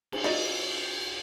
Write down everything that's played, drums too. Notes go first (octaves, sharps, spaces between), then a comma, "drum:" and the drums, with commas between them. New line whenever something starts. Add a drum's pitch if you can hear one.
drum: cymbal
D#4 F4 F#4 D5 D#5 A6